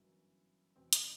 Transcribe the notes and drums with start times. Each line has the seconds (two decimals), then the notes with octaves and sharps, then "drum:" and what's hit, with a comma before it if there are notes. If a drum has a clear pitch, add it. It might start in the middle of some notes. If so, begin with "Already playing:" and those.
Already playing: G1 F#2 E3 E4
0.76 F#1 E2 B2 C4
0.93 D#4, drum: hi-hat